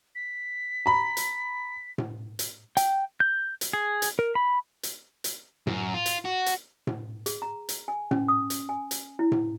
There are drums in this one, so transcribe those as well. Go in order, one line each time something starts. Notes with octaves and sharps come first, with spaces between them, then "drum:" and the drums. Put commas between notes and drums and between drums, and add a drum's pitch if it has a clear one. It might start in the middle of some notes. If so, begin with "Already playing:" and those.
B6
A#5 B5
drum: hi-hat
drum: tom A2
drum: hi-hat
G5, drum: hi-hat
G6
drum: hi-hat
G#4
drum: hi-hat
A#4
B5
drum: hi-hat
drum: hi-hat
F#2, drum: tom A2
F4
drum: hi-hat
F#4
drum: hi-hat
drum: tom A2
G#4, drum: hi-hat
A#5
drum: hi-hat
G#5
C#4, drum: tom A2
D#6
drum: hi-hat
G#5
drum: hi-hat
E4
drum: tom A2